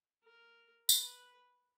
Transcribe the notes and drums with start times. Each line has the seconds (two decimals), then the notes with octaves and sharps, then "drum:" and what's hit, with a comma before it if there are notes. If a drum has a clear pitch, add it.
0.24 A#4
0.89 B4, drum: tambourine